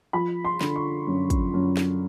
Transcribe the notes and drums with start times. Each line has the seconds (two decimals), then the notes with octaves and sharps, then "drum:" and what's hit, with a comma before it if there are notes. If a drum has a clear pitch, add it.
0.13 F3 B5
0.45 C6
0.61 D3, drum: snare
0.76 C#6
1.07 F#2
1.30 drum: kick, hi-hat
1.54 F#2
1.77 drum: snare